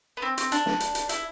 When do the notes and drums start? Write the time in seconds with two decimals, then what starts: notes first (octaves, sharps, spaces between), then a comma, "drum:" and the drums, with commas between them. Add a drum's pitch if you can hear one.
0.17 B3
0.22 C4
0.38 C4, drum: hi-hat
0.52 D4, drum: hi-hat
0.66 drum: snare
0.80 drum: hi-hat
0.95 drum: hi-hat
1.09 E4, drum: hi-hat